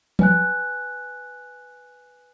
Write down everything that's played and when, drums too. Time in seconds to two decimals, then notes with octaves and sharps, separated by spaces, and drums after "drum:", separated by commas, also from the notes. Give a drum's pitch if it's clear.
0.19 B4 G#5 F#6, drum: tom F3